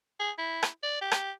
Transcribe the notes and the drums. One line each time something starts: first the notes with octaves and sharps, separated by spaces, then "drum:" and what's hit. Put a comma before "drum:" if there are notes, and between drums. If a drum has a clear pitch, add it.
G#4
E4
drum: rim click
D5
G4
drum: rim click